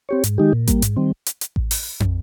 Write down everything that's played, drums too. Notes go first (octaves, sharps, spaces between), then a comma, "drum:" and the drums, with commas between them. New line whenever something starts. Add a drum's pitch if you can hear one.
C4 G4 C#5
G#2, drum: hi-hat
D#3 G#3 D#4 G4
A#2
G3 A#3, drum: kick A1, hi-hat
G#2, drum: hi-hat
D#3 G3 C4
drum: hi-hat
drum: hi-hat
drum: kick A1
drum: open hi-hat
drum: tom